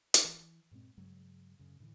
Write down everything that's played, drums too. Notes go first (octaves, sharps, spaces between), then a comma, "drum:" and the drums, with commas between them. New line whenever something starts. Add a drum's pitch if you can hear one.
drum: hi-hat
E3
G2 A#2 G#3 C4
G2 C#3 F#3 G#3
F#2 C#3
A2 D3 E3